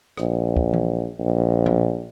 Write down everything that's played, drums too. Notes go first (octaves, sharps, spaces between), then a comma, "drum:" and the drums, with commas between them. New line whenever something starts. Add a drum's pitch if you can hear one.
A#1, drum: rim click
drum: kick
drum: tom E3
A#1
drum: tom A#2